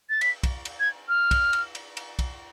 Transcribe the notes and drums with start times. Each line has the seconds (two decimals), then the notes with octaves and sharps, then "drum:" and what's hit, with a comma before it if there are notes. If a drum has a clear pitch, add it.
0.10 A6
0.21 B6, drum: cymbal
0.43 drum: kick, cymbal
0.65 drum: cymbal
0.80 G#6
1.09 F6
1.31 drum: kick, cymbal
1.53 drum: cymbal
1.75 drum: cymbal
1.97 drum: cymbal
2.19 drum: kick, cymbal